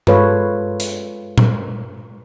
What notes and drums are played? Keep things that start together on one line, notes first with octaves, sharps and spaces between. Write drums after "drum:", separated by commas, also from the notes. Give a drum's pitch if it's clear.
G#3 F4 A4 B4 C#5 F5, drum: tom G2
drum: hi-hat
drum: tom A#2